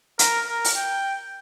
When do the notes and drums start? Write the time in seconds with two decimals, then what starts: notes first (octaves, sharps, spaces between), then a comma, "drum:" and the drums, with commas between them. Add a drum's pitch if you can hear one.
0.19 A#4, drum: hi-hat
0.47 A#4
0.64 drum: open hi-hat
0.77 G5